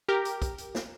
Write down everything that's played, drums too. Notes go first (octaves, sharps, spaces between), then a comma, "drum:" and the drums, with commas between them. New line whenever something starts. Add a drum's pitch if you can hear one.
G4 A#4
drum: hi-hat
drum: kick, hi-hat
drum: hi-hat
drum: snare